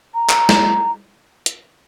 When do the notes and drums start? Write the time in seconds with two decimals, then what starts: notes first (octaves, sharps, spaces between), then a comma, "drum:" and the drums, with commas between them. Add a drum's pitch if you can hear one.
0.14 A#5
0.30 drum: clap
0.49 drum: snare
1.46 drum: hi-hat